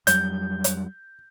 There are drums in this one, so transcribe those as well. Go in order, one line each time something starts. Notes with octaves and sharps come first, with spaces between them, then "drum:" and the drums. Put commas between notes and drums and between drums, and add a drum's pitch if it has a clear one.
F2 F#3 G3 G6, drum: hi-hat
drum: hi-hat